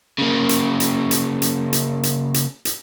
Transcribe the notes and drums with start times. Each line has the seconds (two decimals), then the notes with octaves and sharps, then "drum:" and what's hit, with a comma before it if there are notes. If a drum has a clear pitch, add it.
0.18 C#3 A#3
0.49 drum: hi-hat
0.80 drum: hi-hat
1.11 drum: hi-hat
1.42 drum: hi-hat
1.73 drum: hi-hat
2.03 drum: hi-hat
2.34 drum: hi-hat
2.65 drum: hi-hat